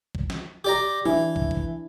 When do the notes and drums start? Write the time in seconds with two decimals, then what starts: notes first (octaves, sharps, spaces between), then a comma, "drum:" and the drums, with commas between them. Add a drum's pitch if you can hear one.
0.15 drum: kick
0.30 drum: snare
0.64 G4 D5 A#5
1.06 E3 D4 E4
1.36 drum: kick
1.51 drum: kick